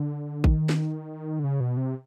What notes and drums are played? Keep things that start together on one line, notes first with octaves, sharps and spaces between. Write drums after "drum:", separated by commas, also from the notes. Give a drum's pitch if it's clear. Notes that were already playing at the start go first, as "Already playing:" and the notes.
Already playing: D3
D#3, drum: kick A1
drum: snare
D3
C#3
B2
C3